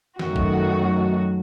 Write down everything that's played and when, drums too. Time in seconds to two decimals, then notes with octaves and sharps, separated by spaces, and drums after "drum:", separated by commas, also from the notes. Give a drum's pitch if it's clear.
0.19 F#2 D#3 F#3 A3 F#4, drum: snare
0.36 drum: kick